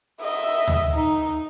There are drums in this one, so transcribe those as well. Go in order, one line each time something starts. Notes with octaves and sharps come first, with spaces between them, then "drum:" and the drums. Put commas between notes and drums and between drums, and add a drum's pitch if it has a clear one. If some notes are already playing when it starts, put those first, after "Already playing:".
D#5 E5
drum: tom D2
D#4